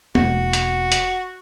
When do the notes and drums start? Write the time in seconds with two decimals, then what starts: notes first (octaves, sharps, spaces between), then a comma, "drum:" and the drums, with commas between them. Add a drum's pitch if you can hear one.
0.15 E1 A#3 F#4, drum: tom G#3
0.53 drum: hi-hat
0.92 drum: hi-hat